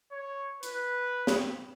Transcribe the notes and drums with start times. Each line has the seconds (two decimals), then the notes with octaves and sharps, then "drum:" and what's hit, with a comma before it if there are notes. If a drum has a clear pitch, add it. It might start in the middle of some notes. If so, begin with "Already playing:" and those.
0.11 C#5
0.63 B4, drum: hi-hat
1.27 drum: snare